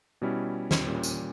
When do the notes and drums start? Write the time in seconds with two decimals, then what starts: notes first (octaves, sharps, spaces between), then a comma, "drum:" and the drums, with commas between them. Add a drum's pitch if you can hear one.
0.22 B2 G3 C#4 E4
0.71 drum: snare
0.87 A#2 G3 C#4
1.03 drum: tambourine